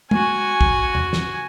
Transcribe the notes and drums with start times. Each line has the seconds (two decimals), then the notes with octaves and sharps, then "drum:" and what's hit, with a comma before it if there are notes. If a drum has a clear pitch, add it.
0.11 F#4 G#5, drum: tom
0.61 drum: kick
0.95 drum: tom
1.13 drum: snare